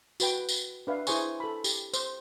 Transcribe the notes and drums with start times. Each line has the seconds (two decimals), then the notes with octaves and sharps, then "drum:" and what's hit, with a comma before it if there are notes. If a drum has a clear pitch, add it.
0.20 F#4 B4 G5, drum: tambourine
0.49 drum: tambourine
0.87 D4 B4 E5 F5
1.07 E4 G#4 C5 G#5 C#6, drum: tambourine
1.40 A4 B5
1.64 G4, drum: tambourine
1.94 C5, drum: tambourine